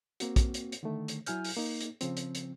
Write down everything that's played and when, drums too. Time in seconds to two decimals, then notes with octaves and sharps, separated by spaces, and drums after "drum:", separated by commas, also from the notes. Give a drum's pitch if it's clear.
0.20 A#3 C4 F#4, drum: hi-hat
0.36 drum: kick, hi-hat
0.54 drum: hi-hat
0.72 drum: hi-hat
0.83 D3 D#3 A3
1.08 drum: hi-hat
1.26 F#3 E4 G#5 F6 G6, drum: hi-hat
1.44 drum: open hi-hat
1.57 A#3 D#4
1.81 drum: hi-hat
2.01 C#3 F3 C4, drum: hi-hat
2.17 drum: hi-hat
2.35 drum: hi-hat